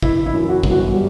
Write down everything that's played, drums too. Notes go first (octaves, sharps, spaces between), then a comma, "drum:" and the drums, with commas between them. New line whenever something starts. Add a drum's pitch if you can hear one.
E3 E4, drum: kick
E4
F#2
F#4
G1, drum: kick
F#4
G3